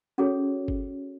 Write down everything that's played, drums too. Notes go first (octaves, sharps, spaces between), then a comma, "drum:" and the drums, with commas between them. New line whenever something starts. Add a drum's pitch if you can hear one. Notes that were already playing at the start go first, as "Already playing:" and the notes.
C#4 F#4 G#4 A4 C#5
drum: kick G1